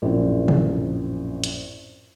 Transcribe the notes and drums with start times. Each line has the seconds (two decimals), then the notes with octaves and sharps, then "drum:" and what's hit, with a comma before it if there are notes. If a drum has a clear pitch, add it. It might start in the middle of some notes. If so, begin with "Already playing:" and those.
0.02 A#1 F#2 A2 C4
0.48 drum: tom
1.44 drum: hi-hat